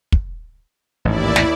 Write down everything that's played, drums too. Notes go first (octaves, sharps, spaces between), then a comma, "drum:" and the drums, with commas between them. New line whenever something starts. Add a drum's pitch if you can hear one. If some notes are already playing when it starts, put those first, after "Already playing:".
drum: kick
A1 D#2 G#2 E4 D5
drum: snare